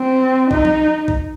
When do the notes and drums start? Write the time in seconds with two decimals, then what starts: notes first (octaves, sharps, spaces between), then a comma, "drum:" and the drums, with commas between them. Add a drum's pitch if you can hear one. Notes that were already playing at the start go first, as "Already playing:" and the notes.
Already playing: C4
0.51 D#4, drum: kick A#1
0.65 drum: tom F3
1.08 drum: kick A#1